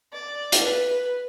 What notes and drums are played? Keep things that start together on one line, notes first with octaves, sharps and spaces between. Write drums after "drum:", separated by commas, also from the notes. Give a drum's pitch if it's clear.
D5
drum: hi-hat
B4